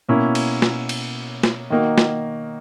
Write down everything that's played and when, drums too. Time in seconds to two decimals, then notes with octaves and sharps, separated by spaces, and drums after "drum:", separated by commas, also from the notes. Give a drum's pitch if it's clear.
0.09 B2 A#3 C#4 E4
0.35 drum: cymbal
0.62 drum: snare
0.89 drum: cymbal
1.43 drum: snare
1.70 D#3 A#3 D#4 F#4
1.98 drum: snare